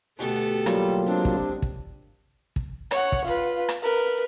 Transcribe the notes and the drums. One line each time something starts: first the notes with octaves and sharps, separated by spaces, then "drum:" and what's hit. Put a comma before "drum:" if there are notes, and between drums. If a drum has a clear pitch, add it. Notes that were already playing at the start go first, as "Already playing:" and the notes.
D2 B2 A3 B3 G4 A4
F#3 G3 A#3 F4, drum: rim click
G#3 C4 D4 G4
drum: kick
drum: kick
drum: kick
C#5 F#5, drum: rim click
drum: kick
F4 B4
drum: rim click
A#4 B4